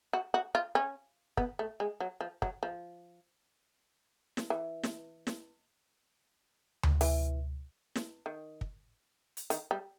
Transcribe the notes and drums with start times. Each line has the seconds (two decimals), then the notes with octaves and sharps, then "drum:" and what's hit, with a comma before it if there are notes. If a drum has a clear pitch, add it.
0.13 F#4
0.34 F#4
0.55 F4
0.75 C#4
1.37 B3, drum: kick
1.59 A3
1.80 G#3
2.00 F#3
2.21 F3
2.42 F#3, drum: kick
2.63 F3
4.37 drum: snare
4.50 E3
4.83 drum: snare
5.27 drum: snare
6.83 drum: tom D2
7.01 E3, drum: open hi-hat
7.95 drum: snare
8.26 D#3
8.61 drum: kick
9.37 drum: hi-hat
9.50 D#3, drum: hi-hat
9.71 G3